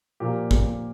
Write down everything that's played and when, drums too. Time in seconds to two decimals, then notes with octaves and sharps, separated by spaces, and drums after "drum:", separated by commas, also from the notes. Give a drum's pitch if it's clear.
0.20 A#2 F3 A#3 G4 A#4
0.51 drum: kick